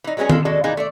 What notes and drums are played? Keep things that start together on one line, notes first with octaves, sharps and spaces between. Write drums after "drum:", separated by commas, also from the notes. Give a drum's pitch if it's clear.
E3 D#4
F#3 G#3 B3 C#4 G#4
G#3 E4 F4 A4, drum: tom D#3
G#3 F#4 A4 D5 A5
A#2 E3 D4 D#4 G#4
A3 A4 D5